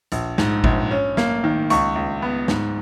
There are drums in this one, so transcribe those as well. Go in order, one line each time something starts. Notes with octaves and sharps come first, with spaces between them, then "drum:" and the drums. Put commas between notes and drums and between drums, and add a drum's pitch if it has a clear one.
A#1, drum: hi-hat
G#2, drum: snare
A#1, drum: kick G#1
C#4
A#3, drum: snare
D#3
C#2 C#6, drum: hi-hat
C#2
B3
G#2, drum: snare